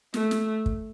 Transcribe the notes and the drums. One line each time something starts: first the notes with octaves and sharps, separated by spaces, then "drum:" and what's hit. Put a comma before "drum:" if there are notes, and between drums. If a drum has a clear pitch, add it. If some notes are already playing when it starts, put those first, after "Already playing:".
A3, drum: snare
drum: snare
drum: kick